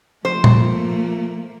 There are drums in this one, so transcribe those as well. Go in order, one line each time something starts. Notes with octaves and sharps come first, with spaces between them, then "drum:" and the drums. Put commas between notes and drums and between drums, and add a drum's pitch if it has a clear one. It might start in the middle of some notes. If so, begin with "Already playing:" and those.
F3 A3 A#3 C5
drum: tom A#2